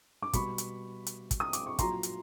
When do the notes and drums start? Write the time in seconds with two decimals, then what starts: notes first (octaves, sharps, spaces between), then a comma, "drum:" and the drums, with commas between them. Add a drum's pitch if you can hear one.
0.22 D6
0.33 B2 G3 B5 C#6, drum: kick, hi-hat
0.58 drum: hi-hat
1.07 drum: hi-hat
1.31 drum: kick, hi-hat
1.40 D#6
1.53 D6, drum: hi-hat
1.66 C#6
1.79 A#2 F#3 A#5 C6, drum: kick, hi-hat
2.03 drum: hi-hat